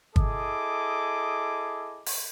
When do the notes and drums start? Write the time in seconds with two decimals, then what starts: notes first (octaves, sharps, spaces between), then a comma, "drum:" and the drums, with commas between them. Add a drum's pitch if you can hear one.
0.16 E4 G#4 A4 D#5 D6, drum: kick G1
2.06 drum: open hi-hat